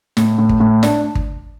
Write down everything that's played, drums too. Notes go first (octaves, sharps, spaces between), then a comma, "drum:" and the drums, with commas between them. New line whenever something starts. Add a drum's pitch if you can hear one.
A2, drum: snare
A2
drum: kick
A2
D4, drum: snare
drum: kick